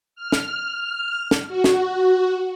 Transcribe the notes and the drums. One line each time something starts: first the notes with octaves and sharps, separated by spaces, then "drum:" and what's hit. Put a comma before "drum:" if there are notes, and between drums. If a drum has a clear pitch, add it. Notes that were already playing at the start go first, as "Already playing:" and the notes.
F6
drum: snare
drum: snare
F#4
drum: snare